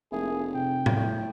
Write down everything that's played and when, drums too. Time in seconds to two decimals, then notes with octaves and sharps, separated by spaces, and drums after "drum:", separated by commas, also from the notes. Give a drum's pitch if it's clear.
0.12 F1 A#3 E4 G#4
0.55 C3 G5
0.86 drum: tom A2
0.96 A2